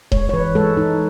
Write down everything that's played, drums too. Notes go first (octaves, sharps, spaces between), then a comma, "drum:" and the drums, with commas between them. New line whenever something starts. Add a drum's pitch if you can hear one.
G#3 C#5, drum: kick D#1
C#5
E3 B4
G#3 A4
G#3 D#4